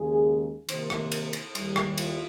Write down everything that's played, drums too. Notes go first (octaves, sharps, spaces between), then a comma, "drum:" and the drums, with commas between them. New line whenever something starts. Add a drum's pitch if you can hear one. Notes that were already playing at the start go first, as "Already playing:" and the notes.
Already playing: D#2 C#3 G#3 G#4
C3 D#3 A#3 C5, drum: cymbal
drum: rim click
drum: cymbal
drum: cymbal
D#2 D#3 G3, drum: cymbal
drum: rim click
F4, drum: cymbal